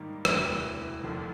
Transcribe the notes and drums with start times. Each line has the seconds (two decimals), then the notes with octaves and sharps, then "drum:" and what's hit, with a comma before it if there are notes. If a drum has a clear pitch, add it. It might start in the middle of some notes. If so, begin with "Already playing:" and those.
Already playing: G#2 D#3 G3 A#3 D#4
0.25 E1 D2 C3 E3, drum: rim click
1.03 F1 D#2 D3 F3